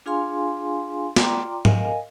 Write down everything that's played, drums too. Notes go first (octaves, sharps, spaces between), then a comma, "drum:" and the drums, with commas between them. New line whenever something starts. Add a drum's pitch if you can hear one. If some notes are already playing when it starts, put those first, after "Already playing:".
D4 F4 G#4 F5 G#5 C6
F4 D5 G5 A#5 C6 D6, drum: snare
A#4 D#5 F5 G#5, drum: tom G#2